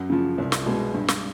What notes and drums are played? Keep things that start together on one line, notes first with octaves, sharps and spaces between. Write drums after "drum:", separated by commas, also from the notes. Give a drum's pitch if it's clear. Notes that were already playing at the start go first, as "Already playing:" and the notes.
Already playing: F#2
C#3 F3
C2
drum: snare
B2 G#3
G2
drum: snare